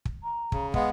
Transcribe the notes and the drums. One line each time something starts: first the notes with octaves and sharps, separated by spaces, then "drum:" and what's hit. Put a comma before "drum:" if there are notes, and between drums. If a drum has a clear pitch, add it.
drum: kick
A#5
C#3, drum: kick
G#3 B3 F5, drum: kick